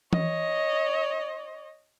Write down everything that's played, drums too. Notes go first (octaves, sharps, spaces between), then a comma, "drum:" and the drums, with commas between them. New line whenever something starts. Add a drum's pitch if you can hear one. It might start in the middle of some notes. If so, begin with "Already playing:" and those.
C#5 D#5, drum: tom E3